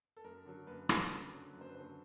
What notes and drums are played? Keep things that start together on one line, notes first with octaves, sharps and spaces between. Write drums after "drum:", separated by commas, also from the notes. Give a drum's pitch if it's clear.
A4
F#2 A#4
D3 F#3
F#2 B4
D3 F#3 B4, drum: rim click
F#2
D3 F#3
F#2
C5
B4
D3 F#3 C5